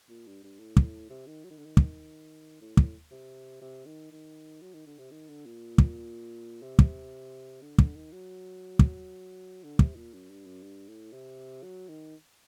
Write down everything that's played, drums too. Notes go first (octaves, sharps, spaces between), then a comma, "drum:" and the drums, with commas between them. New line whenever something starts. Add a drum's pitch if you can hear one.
A#2
G2
G2
A2
drum: kick
C3
D#3
F#3
D#3
D3
D#3
drum: kick
A2
A2, drum: kick
C3
C3
D#3
D#3
F#3
D#3
D3
C3
D#3
D3
A#2
drum: kick
C3
drum: kick
D3
D3, drum: kick
D#3
F#3
drum: kick
D3
C3, drum: kick
A#2
F#2
G2
F#2
G2
A2
C3
F#3
D#3